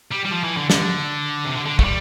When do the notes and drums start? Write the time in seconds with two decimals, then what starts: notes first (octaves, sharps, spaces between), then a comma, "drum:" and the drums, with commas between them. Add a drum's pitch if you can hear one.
0.12 G3
0.25 G3
0.31 F3
0.44 E3
0.57 D3
0.70 D3, drum: snare
1.46 C3
1.55 D3
1.66 D3
1.79 A3, drum: kick
1.85 G3